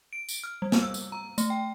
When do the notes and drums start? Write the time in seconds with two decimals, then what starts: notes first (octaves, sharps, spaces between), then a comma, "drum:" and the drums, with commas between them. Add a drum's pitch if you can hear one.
0.13 D7
0.29 drum: tambourine
0.44 F6
0.62 G3
0.72 drum: snare
0.83 E6
0.94 drum: tambourine
1.12 A#5
1.38 A3, drum: tambourine
1.50 G5